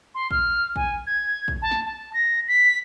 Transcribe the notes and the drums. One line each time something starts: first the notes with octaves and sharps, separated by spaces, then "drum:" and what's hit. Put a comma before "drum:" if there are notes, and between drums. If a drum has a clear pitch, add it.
C6
F6, drum: kick A#1
G#5, drum: kick A#1
G#6
drum: kick A#1
A5
drum: snare
A5
A#6
B6